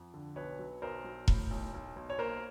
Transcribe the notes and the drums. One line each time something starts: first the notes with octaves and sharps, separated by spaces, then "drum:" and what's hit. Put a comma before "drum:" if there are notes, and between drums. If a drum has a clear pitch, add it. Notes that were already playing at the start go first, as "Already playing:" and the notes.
Already playing: F2
D3
B1 B4 C#5
F#3
B1 A#4 C5
F#3
A2, drum: kick E1
B1
B1
B1
C#5
A#3 A#4 C5